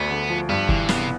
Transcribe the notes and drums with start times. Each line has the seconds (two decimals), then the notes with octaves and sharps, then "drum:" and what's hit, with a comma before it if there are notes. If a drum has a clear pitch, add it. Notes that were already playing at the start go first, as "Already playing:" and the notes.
Already playing: D2 B3 D4
0.10 D3
0.29 F3
0.49 G2 B3
0.69 D3 E3, drum: kick
0.89 C3 B3, drum: snare